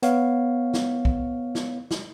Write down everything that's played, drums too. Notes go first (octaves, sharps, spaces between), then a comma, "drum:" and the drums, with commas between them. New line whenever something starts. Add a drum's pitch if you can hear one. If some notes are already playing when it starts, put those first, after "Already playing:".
B3 C#5 F5, drum: hi-hat
drum: snare
drum: kick
drum: snare
drum: snare